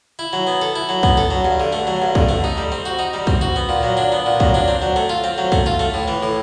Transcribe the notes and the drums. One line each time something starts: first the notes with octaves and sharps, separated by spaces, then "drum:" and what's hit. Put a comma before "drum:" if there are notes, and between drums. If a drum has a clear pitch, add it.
E4
F#3
B3
A4
E4
F#3
B3, drum: kick
A4
F#3
G2
D3
A3
F#3
G2
D3, drum: kick
A3
D#4
G3
C4
F#4
D#4
G3
C4, drum: kick
F#4
B3
A#2
F#3
D4
B3
A#2
F#3, drum: kick
D4
C4
F#3
A3
F4
C4
F#3
A3, drum: kick
F4
A3
A2
E3
A2